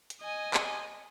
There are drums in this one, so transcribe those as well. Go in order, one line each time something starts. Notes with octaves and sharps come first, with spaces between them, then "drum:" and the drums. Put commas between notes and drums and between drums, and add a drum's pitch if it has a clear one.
drum: hi-hat
D#5 G#5
drum: clap